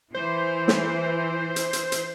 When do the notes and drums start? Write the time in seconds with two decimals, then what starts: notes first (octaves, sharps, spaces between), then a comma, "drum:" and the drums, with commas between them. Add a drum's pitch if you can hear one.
0.14 E3 C5
0.68 drum: snare
1.56 drum: hi-hat
1.73 drum: hi-hat
1.92 drum: hi-hat